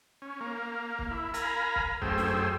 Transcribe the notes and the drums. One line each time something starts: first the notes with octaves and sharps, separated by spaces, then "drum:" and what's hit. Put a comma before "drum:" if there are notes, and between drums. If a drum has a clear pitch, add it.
C#4
A#3
drum: kick
E4
A#4 F5 G#5 A#5 B5, drum: hi-hat
drum: kick
F#2 A3 G#4 C5 G5 E6, drum: kick
drum: snare